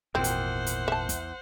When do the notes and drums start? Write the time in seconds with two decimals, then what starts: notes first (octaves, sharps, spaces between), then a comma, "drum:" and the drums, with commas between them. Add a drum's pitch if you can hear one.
0.15 G#1 E2 A#2 C4 A#4 C5 F#5
0.24 drum: hi-hat
0.66 drum: hi-hat
0.88 E5 A5
1.09 drum: kick, hi-hat